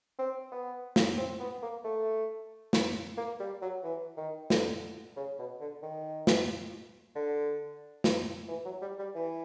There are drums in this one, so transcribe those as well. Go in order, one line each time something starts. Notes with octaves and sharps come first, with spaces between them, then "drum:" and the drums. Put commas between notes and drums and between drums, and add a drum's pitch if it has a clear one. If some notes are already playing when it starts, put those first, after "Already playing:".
C4
B3
drum: snare
C4
B3
A#3
A3
drum: snare
A#3
G3
F#3
E3
D#3
D3, drum: snare
C#3
B2
D3
D#3
drum: snare
D3
drum: snare
E3
F#3
G3
G3
E3